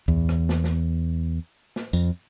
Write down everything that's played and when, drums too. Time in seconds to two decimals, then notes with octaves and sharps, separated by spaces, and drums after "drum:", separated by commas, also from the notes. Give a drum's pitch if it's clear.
0.08 E2, drum: kick C#2
0.29 drum: rim click
0.49 drum: snare
0.64 drum: snare
1.76 drum: snare
1.93 F2, drum: tambourine